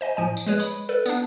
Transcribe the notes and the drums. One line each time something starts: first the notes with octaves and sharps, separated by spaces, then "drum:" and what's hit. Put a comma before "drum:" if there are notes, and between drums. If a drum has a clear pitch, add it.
C5 D#5 G#5
A2 F3 G#5
drum: tambourine
G#3 G#4 B4 C#5
B5, drum: tambourine
A4 B4 D5 F#6
B3 D4, drum: tambourine